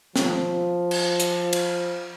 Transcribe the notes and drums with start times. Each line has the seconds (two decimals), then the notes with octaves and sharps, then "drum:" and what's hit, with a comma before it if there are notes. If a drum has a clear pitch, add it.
0.16 F3, drum: snare
0.91 drum: cymbal
1.20 drum: hi-hat
1.53 drum: cymbal